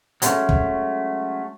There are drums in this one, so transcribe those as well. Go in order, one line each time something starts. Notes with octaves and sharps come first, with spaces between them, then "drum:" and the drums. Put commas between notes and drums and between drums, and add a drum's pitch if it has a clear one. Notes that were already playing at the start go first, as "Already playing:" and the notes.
F#3 G#3 A3 B3 C#4, drum: hi-hat
drum: kick